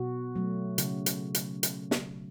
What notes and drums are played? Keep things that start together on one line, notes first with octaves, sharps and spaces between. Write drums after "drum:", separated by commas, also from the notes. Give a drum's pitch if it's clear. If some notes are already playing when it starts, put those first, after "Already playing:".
Already playing: B2 F#4
F#3 A3
C#3, drum: hi-hat
drum: hi-hat
drum: hi-hat
drum: hi-hat
drum: snare